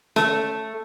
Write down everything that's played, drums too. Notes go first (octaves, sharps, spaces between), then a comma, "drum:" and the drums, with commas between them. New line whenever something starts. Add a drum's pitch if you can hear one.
A3, drum: snare C#4